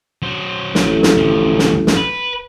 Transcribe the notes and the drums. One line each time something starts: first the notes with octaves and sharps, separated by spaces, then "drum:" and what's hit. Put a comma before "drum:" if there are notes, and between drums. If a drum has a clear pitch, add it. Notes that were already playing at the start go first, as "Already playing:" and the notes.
F#3 C5
A1, drum: snare
drum: snare
D2 F3
drum: snare
drum: snare
B4